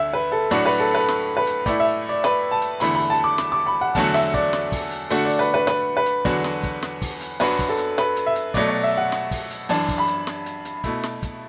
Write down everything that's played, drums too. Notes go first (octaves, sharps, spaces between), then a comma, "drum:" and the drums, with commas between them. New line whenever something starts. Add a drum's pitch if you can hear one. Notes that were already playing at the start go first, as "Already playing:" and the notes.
Already playing: D2 D3 E5
B4
A4
A2 F#3 A3 D4 F#4 D5
B4
A4
B4
drum: snare
B4
drum: hi-hat
A2 A3 E4 D5, drum: kick, hi-hat
E5
D5
B4, drum: snare
A5
drum: hi-hat
E2 D3 A3 E4 B5, drum: open hi-hat
B5
A5
D6
drum: snare
D6
B5
F#5
E2 D3 F#3 A3 F#4 A5, drum: kick, hi-hat
E5, drum: snare
D5, drum: kick, hi-hat
drum: snare
drum: kick, open hi-hat
drum: hi-hat
D3 A3 D4 F#4, drum: open hi-hat
D5
B4
B4
B4, drum: snare
B4
drum: hi-hat
E2 D3 F#3 D4 F#4, drum: kick, hi-hat
drum: snare
drum: kick, hi-hat
drum: snare
drum: kick, open hi-hat
drum: hi-hat
F#2 F#3 D4 F#4 B4, drum: open hi-hat
drum: kick, hi-hat
A4
drum: hi-hat
B4, drum: snare
drum: hi-hat
E5
drum: hi-hat
B2 F#3 A3 D5, drum: kick, hi-hat
D5
E5
F#5
drum: snare
drum: kick, open hi-hat
drum: hi-hat
F#2 E3 D4 A5, drum: open hi-hat
drum: kick, hi-hat
B5
drum: hi-hat
drum: snare
drum: hi-hat
drum: hi-hat
B2 A3 E4, drum: kick, hi-hat
drum: snare
drum: kick, hi-hat